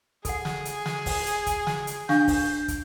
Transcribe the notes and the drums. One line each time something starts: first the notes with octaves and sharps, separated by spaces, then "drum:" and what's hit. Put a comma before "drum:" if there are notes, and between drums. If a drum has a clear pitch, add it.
G#4 A4 F#5, drum: kick, hi-hat
drum: snare
drum: hi-hat
drum: snare
drum: kick, open hi-hat
drum: hi-hat
drum: kick, hi-hat
drum: snare
drum: hi-hat
D4 F5 C#6 G6, drum: snare
drum: kick, open hi-hat
drum: kick, hi-hat